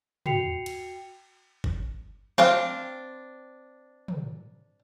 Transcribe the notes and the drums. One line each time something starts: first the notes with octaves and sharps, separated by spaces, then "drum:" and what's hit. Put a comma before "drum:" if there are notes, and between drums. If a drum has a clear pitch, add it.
F#4 G5 C7 C#7 F7, drum: tom
drum: cymbal
drum: kick G1
C4 D4 F5, drum: snare
drum: tom